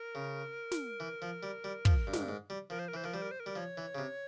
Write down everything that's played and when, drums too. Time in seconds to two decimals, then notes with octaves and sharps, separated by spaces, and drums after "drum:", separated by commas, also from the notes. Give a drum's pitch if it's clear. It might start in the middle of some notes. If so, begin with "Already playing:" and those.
Already playing: A#4
0.15 C#3
0.71 drum: snare
1.00 E3
1.22 F3
1.43 G3
1.64 G3
1.85 F3, drum: kick
2.07 G2
2.13 G#2, drum: snare
2.21 G2
2.29 G#2
2.50 G3
2.70 F3 A#4
2.79 C5
2.88 A#4
2.94 E3 C5
3.04 F3 A#4
3.14 G3 C5
3.22 A#4
3.31 C5
3.40 A#4
3.46 G3
3.55 F3 C#5
3.77 E3
3.95 C#3
3.98 C3